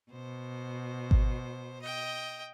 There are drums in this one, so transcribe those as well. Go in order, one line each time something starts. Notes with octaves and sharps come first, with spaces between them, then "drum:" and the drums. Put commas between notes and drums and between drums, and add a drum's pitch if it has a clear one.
B2 C5
drum: kick G#1
D#5 G5